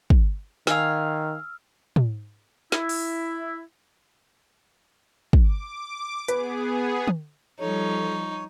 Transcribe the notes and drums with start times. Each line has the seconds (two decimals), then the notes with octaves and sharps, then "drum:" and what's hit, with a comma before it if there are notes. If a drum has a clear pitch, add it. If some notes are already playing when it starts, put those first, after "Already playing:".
0.10 drum: kick
0.67 D#3 F5 G#5 E6 F6, drum: snare
1.96 drum: tom
2.72 E4, drum: snare
2.89 drum: open hi-hat
5.33 drum: kick
5.43 D6
6.28 B3 G#4 B4, drum: hi-hat
7.08 drum: tom
7.60 F3 G3 D#4 A4 C#5